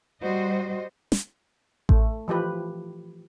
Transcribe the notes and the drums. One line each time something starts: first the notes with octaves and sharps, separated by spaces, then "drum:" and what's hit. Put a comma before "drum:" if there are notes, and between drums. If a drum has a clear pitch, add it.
G3 F#4 C5 D#5
drum: snare
A3, drum: kick A1
E3 F3 G4 B4